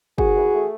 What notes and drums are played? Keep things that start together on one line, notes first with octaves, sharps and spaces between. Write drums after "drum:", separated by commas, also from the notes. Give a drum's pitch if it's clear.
D#2 F#4 G#4, drum: kick
E3
A3